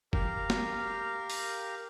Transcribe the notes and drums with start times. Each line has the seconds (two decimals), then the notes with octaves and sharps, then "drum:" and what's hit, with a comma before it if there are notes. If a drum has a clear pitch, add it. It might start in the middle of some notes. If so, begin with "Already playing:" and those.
0.13 G4 A#4 F5, drum: kick
0.50 drum: snare
1.30 drum: open hi-hat